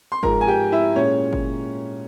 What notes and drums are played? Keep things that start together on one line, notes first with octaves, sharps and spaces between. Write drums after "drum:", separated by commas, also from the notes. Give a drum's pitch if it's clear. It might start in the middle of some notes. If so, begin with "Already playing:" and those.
C6
G#2 F3 G#3 A#4 A#5, drum: kick G1
G#5
G4 G5
E4 E5
A#2 G#3 C#4 C#5
drum: kick G1